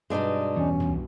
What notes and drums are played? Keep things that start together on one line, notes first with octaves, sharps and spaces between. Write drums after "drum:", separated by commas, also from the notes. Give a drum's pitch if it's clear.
G2 B2 G#3 D4 D#4
E2 C#4
drum: tom